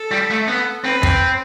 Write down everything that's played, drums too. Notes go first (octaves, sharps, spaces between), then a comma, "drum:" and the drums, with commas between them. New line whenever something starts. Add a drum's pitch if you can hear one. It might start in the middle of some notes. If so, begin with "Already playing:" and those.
Already playing: A4
G3
A3
B3
C4 B4
C4, drum: kick